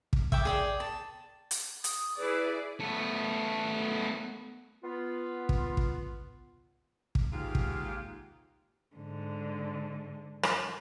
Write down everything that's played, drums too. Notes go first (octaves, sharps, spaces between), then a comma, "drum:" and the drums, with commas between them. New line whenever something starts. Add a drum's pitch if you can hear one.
drum: kick
E5 G5 D6, drum: kick
G#4 D5 G5
A5
drum: hi-hat
D#6, drum: hi-hat
E4 G#4 B4 D5
A3 B3
B3 F4
drum: kick
drum: kick
drum: kick
D#2 G#2 F4 G4 F5
drum: kick
G#2 D3
drum: rim click